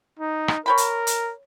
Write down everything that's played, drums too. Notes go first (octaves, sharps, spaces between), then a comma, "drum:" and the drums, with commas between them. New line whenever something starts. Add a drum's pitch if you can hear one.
D#4
drum: rim click
A#4 C#5 G5 B5
drum: hi-hat
drum: hi-hat